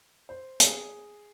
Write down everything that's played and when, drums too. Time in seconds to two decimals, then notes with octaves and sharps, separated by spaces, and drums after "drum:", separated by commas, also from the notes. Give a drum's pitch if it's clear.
0.29 C5
0.60 G#4, drum: hi-hat